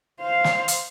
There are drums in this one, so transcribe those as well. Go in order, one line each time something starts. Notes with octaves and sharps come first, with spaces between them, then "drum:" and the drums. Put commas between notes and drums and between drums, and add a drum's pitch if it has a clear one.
C5 F5
drum: snare
drum: hi-hat